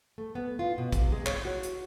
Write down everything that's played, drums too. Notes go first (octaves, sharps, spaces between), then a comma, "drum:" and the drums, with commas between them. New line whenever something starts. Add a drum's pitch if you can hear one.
A3
B3
F4
B2
C3, drum: kick A#1, hi-hat
G#3
C#5, drum: clap
F#4
drum: hi-hat